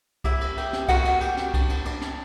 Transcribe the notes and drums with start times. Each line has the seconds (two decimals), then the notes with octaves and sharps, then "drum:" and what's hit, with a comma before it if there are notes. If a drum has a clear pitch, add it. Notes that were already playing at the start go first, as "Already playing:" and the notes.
0.24 E4 G4 E5, drum: kick C2, cymbal
0.41 drum: cymbal
0.57 G4, drum: cymbal
0.73 drum: snare
0.88 F#4 A#4 F#5, drum: kick C2, cymbal
1.05 drum: cymbal
1.21 G4, drum: cymbal
1.37 drum: snare
1.54 D4, drum: kick C2, cymbal
1.69 drum: cymbal
1.85 D4, drum: cymbal
2.01 drum: snare